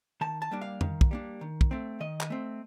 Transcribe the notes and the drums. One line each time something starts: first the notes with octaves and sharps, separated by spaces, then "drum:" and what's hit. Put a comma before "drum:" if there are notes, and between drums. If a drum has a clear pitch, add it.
D#3 A5
A5
G3 A#3 D4
F5
D#3, drum: tom F2
drum: kick
G3 A#3 D4
D#3
drum: kick
A3 C4
D#3 D#5
drum: clap
A3 C4